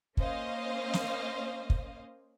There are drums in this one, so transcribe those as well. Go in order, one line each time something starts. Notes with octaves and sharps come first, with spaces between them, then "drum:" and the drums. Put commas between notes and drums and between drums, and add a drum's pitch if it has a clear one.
A#3 C#4 C5 D#5 F5, drum: kick
drum: snare
drum: kick